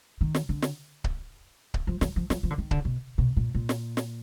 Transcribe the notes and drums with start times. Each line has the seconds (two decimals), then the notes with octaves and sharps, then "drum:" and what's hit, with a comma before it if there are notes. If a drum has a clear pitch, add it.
0.21 D#3
0.35 drum: snare
0.49 D3
0.62 drum: snare
1.04 drum: kick C#1
1.74 drum: kick C#1
1.87 F3
2.01 E3, drum: snare
2.16 F3
2.30 F3, drum: snare
2.43 F3
2.50 D3
2.58 D#3
2.71 D3, drum: kick C#1
2.85 B2
3.18 B2
3.37 A#2
3.55 A#2
3.69 drum: snare
3.97 drum: snare